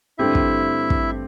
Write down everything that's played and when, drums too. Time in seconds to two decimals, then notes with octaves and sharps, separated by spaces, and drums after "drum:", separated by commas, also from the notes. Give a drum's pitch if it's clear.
0.18 G2 D3 A3 C4 E4 G4 E5
0.35 drum: kick
0.90 drum: kick